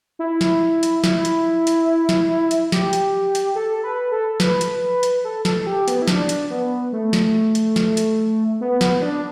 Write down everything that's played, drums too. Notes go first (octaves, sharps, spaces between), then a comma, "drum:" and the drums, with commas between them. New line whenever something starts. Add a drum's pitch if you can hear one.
E4
drum: snare
drum: hi-hat
E4, drum: snare
drum: hi-hat
drum: hi-hat
drum: snare
drum: hi-hat
G4, drum: snare
drum: hi-hat
drum: hi-hat
A4
B4
A4
B4, drum: snare
drum: hi-hat
drum: hi-hat
A4
A4, drum: snare
G4
B3, drum: hi-hat
E4
D4, drum: snare
drum: hi-hat
B3
A3
drum: snare
drum: hi-hat
drum: snare
drum: hi-hat
B3
B3, drum: snare
D4